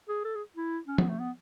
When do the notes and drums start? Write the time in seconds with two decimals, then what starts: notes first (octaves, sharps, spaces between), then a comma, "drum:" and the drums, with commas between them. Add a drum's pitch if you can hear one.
0.09 G#4
0.24 A4
0.35 G#4
0.56 E4
0.88 C#4
0.98 B3, drum: tom F3
1.09 A3
1.19 B3